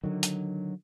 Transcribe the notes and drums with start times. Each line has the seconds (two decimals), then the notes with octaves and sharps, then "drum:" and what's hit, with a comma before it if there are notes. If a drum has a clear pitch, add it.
0.04 D3 D#3 F#3
0.23 drum: hi-hat